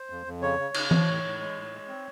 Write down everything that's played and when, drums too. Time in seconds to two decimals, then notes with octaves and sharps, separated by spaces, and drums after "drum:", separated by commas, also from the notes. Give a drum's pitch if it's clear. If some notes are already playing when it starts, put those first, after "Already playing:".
Already playing: C5
0.10 F2
0.26 F2
0.42 C#3 C#5
0.59 C#3
0.74 C#3, drum: cymbal
0.91 F3, drum: tom E3
1.08 A2
1.24 A2
1.40 G#3
1.56 A2
1.72 G#3
1.88 C4